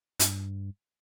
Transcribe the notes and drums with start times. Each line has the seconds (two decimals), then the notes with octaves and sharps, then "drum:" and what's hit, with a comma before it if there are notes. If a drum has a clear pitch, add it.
0.20 G2, drum: hi-hat